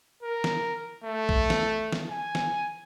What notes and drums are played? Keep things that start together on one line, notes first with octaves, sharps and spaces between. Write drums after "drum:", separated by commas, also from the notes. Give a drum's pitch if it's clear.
A#4
drum: snare
A3
drum: kick
drum: snare
drum: snare
G#5
drum: snare